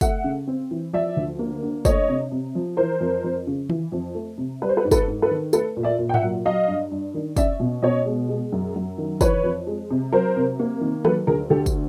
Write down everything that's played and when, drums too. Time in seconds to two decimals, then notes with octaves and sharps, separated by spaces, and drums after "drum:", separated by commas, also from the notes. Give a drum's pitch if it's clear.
0.01 A3 E5 F#5, drum: kick, tambourine
0.24 C#3
0.47 C4
0.71 E3
0.93 F3 D5 E5
1.17 D2
1.39 A#3
1.63 D3
1.85 A3 C#5 D#5, drum: kick, tambourine
2.08 C3
2.32 C3
2.55 F3
2.77 E3 A#4 C5
3.00 F2
3.24 F2
3.47 C#3
3.69 E3, drum: tom D#3
3.92 F2
4.15 A3
4.38 C3
4.62 G3 B4
4.69 C5
4.77 A4 B4
4.85 G#2
4.91 A4 B4, drum: kick, tambourine
5.08 G#2
5.22 A4 B4
5.31 D#3
5.53 A3 A4 B4, drum: tambourine
5.77 A#2
5.83 D5 E5
5.99 A#2
6.09 G5
6.14 E5 F#5, drum: tom G#2
6.22 F#3
6.46 F#3 D#5 F5
6.68 G2
6.92 G2
7.14 D#3
7.37 C#4 D5 E5, drum: kick, tambourine
7.60 B2
7.82 B2 C#5 D#5
8.06 G#3
8.29 G#3
8.52 F#2
8.76 F#2
8.98 D#3
9.21 E3 B4 C#5, drum: kick, tambourine
9.44 F2
9.67 G#3
9.91 C3
10.12 F#3 A#4 C5
10.36 C3
10.59 A#3
10.81 D#3
11.05 F#3 A4 B4, drum: tom D#3
11.27 D2 G#4 A#4
11.50 D2 G4 A4
11.66 drum: kick, tambourine